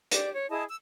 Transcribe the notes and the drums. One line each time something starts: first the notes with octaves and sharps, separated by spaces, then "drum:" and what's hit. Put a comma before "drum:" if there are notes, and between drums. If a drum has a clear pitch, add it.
G4 D5, drum: hi-hat
C#5
E4 G#4 D#5 A5
E6